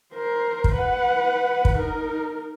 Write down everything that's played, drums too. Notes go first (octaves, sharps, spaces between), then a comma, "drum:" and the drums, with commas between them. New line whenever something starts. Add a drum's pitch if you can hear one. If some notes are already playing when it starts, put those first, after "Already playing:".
A#4 C5
drum: kick
B4 F#5
drum: kick
D#4 A#4